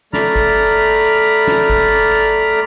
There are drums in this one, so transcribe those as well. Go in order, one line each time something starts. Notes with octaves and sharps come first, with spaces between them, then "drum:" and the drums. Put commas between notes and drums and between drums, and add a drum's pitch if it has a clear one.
A3 D5 A#5 B5 F6, drum: snare
drum: kick G#1
drum: snare
drum: kick G#1